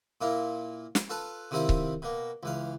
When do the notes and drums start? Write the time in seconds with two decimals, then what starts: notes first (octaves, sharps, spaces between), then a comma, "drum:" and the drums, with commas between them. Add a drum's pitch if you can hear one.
0.21 A#2 A#3 E4 F4
0.95 drum: snare
1.09 F4 A4 B4 A5
1.51 C3 D#3 C4 E4 F4 B5
1.69 drum: kick C#1
2.02 B2 A#3
2.43 C#2 E3 F5